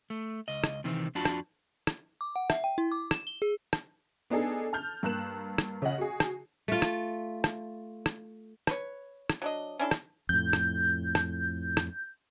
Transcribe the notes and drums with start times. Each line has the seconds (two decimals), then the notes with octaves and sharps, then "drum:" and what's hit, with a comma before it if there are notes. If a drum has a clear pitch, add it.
0.10 A3
0.48 C#2 D#5
0.64 drum: rim click
0.84 C3 D#3 E3 C4
1.15 F2 D4 F4 F#4 A5 B5
1.25 drum: rim click
1.87 drum: rim click
2.21 D6
2.36 F#5
2.50 E5, drum: rim click
2.64 G5
2.78 E4
2.92 D6
3.11 E7, drum: rim click
3.27 G7
3.42 G#4
3.73 drum: rim click
4.30 B3 D4 D#4 G#4 A4
4.73 A5 F6 G6
5.03 G2 A#3 F#6 E7
5.58 drum: rim click
5.82 C#3 D#5 F#5
5.98 F#4 G#4
6.20 drum: rim click
6.68 A3 F4
6.82 drum: rim click
7.44 drum: rim click
8.06 drum: rim click
8.67 B4 C#5, drum: rim click
9.30 drum: rim click
9.42 F#3 D4 D#5
9.79 C#4 D4 E4 A4
9.91 drum: rim click
10.29 F2 A2 G6
10.53 drum: rim click
11.15 drum: rim click
11.77 drum: rim click